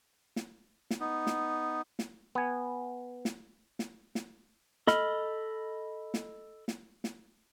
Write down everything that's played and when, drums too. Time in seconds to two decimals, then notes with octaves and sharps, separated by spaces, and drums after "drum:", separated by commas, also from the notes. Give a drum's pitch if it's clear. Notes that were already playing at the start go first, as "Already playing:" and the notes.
0.36 drum: snare
0.91 drum: snare
1.00 B3 D#4
1.27 drum: snare
1.99 drum: snare
2.35 B3 G#5
3.25 drum: snare
3.79 drum: snare
4.15 drum: snare
4.87 A4 D#5 B5 F6, drum: snare
6.14 drum: snare
6.68 drum: snare
7.04 drum: snare